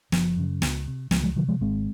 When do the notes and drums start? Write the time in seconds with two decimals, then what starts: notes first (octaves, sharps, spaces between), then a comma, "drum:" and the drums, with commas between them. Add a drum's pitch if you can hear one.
0.12 F#1 F3, drum: snare
0.37 F#2 C#3
0.62 C#2, drum: snare
0.87 C3
1.11 C#2 F3 G#3, drum: snare
1.23 F3 G#3
1.36 C3 D#3 F#3
1.49 F3 G#3
1.61 G#1 G#3 C4